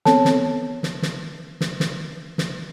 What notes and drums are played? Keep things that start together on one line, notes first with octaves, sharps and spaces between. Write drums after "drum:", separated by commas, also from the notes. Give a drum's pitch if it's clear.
B3 C4 A4 C#5 A5, drum: snare
drum: snare
drum: snare
drum: snare
drum: snare
drum: snare
drum: snare